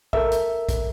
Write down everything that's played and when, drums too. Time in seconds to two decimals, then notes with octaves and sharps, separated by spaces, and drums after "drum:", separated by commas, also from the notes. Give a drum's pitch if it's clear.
0.13 A4 A#4 E5, drum: kick
0.32 drum: hi-hat
0.69 drum: kick, hi-hat